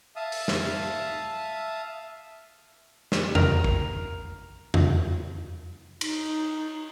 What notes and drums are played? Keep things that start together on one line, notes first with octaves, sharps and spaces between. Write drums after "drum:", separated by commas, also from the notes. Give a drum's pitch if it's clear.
E5 F5 A5 D#6
drum: open hi-hat
drum: snare
drum: snare
A#4, drum: tom E2
drum: kick
drum: tom E2
D#4, drum: cymbal